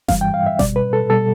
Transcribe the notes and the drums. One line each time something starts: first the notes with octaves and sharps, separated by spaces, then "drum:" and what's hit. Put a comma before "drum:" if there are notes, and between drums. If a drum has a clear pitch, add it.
G2 E3 G3 F5, drum: snare F#1
G5
F5
E5
B2 G3 D5, drum: snare F#1
B4
A4
B2 G3 A4